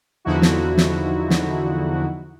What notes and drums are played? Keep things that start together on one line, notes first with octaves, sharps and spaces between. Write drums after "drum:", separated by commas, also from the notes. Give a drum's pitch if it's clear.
E2 D3 F3 D#4 E4 F#4
drum: snare
drum: snare
drum: snare